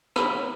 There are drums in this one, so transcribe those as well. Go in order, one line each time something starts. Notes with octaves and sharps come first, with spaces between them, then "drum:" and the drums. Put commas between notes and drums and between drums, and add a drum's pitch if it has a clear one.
B5, drum: rim click